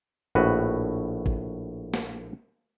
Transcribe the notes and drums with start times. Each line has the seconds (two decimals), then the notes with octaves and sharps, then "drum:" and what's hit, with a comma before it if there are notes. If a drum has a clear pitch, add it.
0.35 A#1 A2 F#4 B4
1.26 drum: kick
1.94 drum: snare